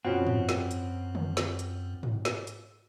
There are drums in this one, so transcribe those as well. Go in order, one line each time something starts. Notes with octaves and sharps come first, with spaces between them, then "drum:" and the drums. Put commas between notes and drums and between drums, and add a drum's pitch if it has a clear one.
F#2 B2 F3 C4 C#4 F#5
drum: tom G#2
drum: snare
drum: hi-hat
drum: tom D3
drum: snare
drum: hi-hat
drum: tom G#2
drum: snare
drum: hi-hat